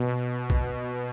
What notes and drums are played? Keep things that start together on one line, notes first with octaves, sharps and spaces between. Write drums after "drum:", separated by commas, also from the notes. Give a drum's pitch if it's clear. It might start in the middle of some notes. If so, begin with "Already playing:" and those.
Already playing: B2
drum: kick